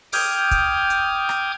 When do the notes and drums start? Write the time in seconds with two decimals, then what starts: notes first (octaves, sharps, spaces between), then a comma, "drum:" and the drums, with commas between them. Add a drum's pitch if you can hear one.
0.13 G5 D6 D#6 F6 G6 G#6, drum: open hi-hat
0.51 drum: kick, hi-hat
0.90 drum: hi-hat
1.29 drum: rim click